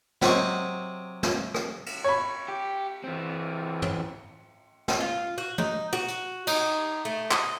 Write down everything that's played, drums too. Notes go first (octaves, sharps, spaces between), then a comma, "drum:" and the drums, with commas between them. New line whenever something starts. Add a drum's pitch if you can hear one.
C3 F#3 C4 D#5 C#6, drum: snare
drum: snare
drum: rim click
drum: cymbal
C#5 B5
G4
E3 C4
drum: tom
drum: snare
F4
F#4
D#4, drum: tom
F#4
drum: hi-hat
D#4, drum: cymbal
A3
D#5, drum: clap